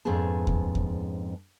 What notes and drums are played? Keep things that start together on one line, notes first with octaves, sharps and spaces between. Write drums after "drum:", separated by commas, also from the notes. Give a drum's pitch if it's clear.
F2 G#2 B3 C#4 G#4 A5
drum: kick D#2
drum: kick D#2